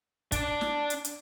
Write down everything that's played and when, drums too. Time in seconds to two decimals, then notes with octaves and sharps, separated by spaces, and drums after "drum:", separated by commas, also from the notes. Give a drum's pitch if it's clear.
0.32 D4 D5, drum: kick, hi-hat
0.61 drum: snare
0.90 drum: hi-hat
1.05 drum: hi-hat